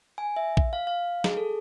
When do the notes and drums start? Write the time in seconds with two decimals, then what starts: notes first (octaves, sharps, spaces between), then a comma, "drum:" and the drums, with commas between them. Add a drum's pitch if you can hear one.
0.18 G#5
0.36 E5
0.57 drum: kick A#1
0.73 F5
0.87 F5
1.24 G#4, drum: snare
1.37 A4